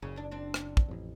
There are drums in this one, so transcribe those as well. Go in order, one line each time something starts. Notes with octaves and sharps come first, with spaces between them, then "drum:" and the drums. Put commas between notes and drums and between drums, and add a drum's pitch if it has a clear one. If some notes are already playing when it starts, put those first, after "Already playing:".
F#1 C#3
D#2 D4
C4 D4
drum: rim click
drum: kick
A1 F2